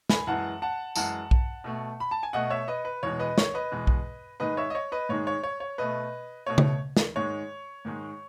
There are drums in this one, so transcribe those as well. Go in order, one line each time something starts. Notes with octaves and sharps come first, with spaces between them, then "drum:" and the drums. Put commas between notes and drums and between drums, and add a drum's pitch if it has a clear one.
G#5 B5, drum: snare
F#2 E3 G#3 F#5 A5
F#5 A5
F#2 E3 G#3 F#5 A5, drum: tambourine
drum: kick B1
B2 A3
B5
A5
G#5
B2 A3 D#5 F#5
C#5 E5
B4 D#5
B4
E2 B2 G#3 C#5
B4 D#5
C#5, drum: snare
B4 D#5
E2 B2 G#3
drum: kick B1
G#2 D#3 G#3 B4 D#5
C#5 E5
D#5
C#5
B4 D#5
G#2 D#3 G#3 C#5
C#5
C#5
C#5
B2 A3 B4 D#5
B2 A3 C#5
drum: tom C#3
drum: snare
G#2 D#3 G#3 C#5
G#2 D#3 G#3